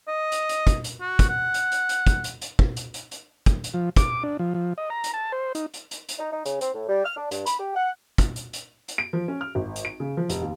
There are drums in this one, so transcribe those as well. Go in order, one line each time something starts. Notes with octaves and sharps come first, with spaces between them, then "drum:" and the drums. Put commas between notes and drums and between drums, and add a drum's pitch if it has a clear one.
D#5
drum: hi-hat
drum: hi-hat
drum: kick, hi-hat
drum: hi-hat
F#4
drum: kick, hi-hat
F#5
drum: hi-hat
drum: hi-hat
drum: hi-hat
drum: kick, hi-hat
drum: hi-hat
drum: hi-hat
drum: kick
drum: hi-hat
drum: hi-hat
drum: hi-hat
drum: kick, hi-hat
drum: hi-hat
F3
D6, drum: kick, hi-hat
D4
F3
F3
D#5
A#5
drum: hi-hat
A5
C5
D#4, drum: hi-hat
drum: hi-hat
drum: hi-hat
drum: hi-hat
D#4
D#4
C#3, drum: hi-hat
C4, drum: hi-hat
A2
G3
F6
D4
G2, drum: hi-hat
B5, drum: hi-hat
G4
F#5
drum: kick, hi-hat
drum: hi-hat
drum: hi-hat
drum: hi-hat
D7
F3
C#4
F6
G#1
drum: hi-hat
D7
C#3
F3
F1, drum: hi-hat
D#2